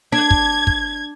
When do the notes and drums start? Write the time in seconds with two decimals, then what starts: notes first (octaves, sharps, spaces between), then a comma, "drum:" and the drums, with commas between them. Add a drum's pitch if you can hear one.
0.12 D4 G#6
0.31 drum: kick
0.67 drum: kick